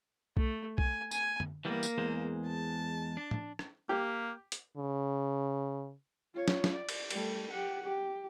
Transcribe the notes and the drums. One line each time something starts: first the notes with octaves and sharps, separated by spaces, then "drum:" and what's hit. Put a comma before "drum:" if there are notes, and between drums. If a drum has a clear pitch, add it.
A3, drum: kick B1
G#5, drum: kick B1
G#5, drum: tambourine
drum: tom
E3 G3 A#3 B3
drum: tambourine
E2 G#3 C5
A5
D4
drum: tom A2
drum: rim click
A#3 G4
drum: hi-hat
C#3
F4 C#5
drum: snare
drum: snare
D5
drum: cymbal
G3 A3, drum: cymbal
G4 F#5
G4